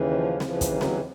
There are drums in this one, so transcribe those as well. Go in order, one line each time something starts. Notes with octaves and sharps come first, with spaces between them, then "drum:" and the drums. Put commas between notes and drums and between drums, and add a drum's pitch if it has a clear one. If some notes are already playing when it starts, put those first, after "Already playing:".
Already playing: D#2 C#3 E3
F3
D#2 C#3 E3 F3, drum: snare C4
drum: kick, hi-hat
F#3
drum: snare C4